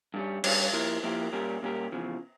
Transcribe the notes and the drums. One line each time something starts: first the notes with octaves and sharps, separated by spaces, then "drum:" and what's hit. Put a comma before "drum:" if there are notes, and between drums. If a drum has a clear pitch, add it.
G2 G3 C#4
G2 G3 C#4, drum: cymbal
F3 A#3 E4 G4 A#4
F3 A#3 E4 G4 A#4
A#2 G3 C#4 G4 A#4
A#2 G3 C#4 G4 A#4
E2 C#3 F3